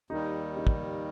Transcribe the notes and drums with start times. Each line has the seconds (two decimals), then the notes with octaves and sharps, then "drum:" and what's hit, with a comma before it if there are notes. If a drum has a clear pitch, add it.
0.10 D#2 D#3 G3 D#4
0.57 D#4
0.67 drum: kick